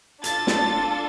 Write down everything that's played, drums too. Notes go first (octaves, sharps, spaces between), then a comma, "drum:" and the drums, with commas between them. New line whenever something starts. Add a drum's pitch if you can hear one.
D4 F4 A4 A6, drum: hi-hat
drum: snare